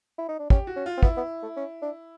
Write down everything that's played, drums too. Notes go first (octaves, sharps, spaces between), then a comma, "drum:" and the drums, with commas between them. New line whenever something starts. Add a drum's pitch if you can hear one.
E4
D#4
D4
C#4 G4, drum: kick
F#4
C#4
F4
C4
B3 E4, drum: kick
B3
A3
C#4
D4